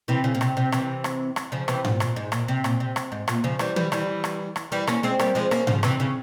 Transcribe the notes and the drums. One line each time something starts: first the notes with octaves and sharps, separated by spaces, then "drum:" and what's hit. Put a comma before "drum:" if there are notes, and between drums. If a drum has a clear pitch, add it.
C3 E3
C#3
A#2
C3, drum: rim click
C3
C3 E3, drum: rim click
drum: rim click
drum: rim click
C#3 F3
C3 E3, drum: rim click
A#2, drum: tom G#2
A#2, drum: rim click
G#2
A#2, drum: rim click
C3
A#2, drum: rim click
C3
drum: rim click
G#2
A#2, drum: rim click
C#3 F3
E3 G3, drum: rim click
E3 G3, drum: tom
E3 G3, drum: rim click
drum: rim click
drum: rim click
E3 G3
A#3 C#4, drum: rim click
G#3 C4
G3 A#3, drum: rim click
F3 G#3
A#3 C#4, drum: rim click
C#3 F3, drum: tom G#2
C3 E3, drum: rim click
C#3